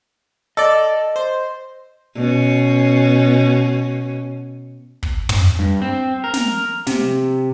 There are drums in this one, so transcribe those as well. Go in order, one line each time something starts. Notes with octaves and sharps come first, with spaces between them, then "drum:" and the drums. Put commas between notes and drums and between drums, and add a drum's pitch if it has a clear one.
A4 D5 D#5
C5
B2 C#4
drum: kick
drum: tom
G2
C4
A#4
drum: snare
C3, drum: snare